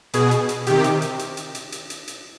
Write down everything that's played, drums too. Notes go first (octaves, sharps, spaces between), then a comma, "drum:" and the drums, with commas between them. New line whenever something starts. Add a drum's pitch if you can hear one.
B2 G#4, drum: hi-hat
drum: hi-hat
drum: hi-hat
C3 D#3 G4, drum: hi-hat
drum: hi-hat
drum: hi-hat
drum: hi-hat
drum: hi-hat
drum: hi-hat
drum: hi-hat
drum: hi-hat
drum: hi-hat